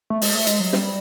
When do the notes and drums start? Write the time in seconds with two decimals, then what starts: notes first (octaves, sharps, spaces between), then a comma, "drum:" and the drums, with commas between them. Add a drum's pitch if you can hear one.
0.10 A3
0.21 G#3, drum: open hi-hat
0.35 A3
0.47 G#3, drum: hi-hat
0.60 F#3
0.73 G3, drum: snare